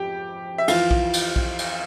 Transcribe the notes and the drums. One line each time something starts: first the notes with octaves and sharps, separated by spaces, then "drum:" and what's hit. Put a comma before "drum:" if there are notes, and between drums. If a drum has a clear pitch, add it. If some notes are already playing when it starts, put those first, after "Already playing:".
Already playing: F2 G4 G5
E5
F2 E3 F4 F5, drum: cymbal
drum: kick A#1
drum: cymbal
drum: kick A#1
drum: cymbal